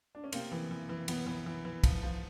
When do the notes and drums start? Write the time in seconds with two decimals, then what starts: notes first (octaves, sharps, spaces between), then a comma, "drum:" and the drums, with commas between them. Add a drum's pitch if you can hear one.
0.15 D4
0.24 C#4
0.32 C3 A#3 C4, drum: cymbal
0.52 E3
0.71 E3
0.89 E3
1.08 E3 B3, drum: cymbal
1.26 E3
1.46 E3
1.65 E3
1.84 F3, drum: kick, cymbal
2.02 F3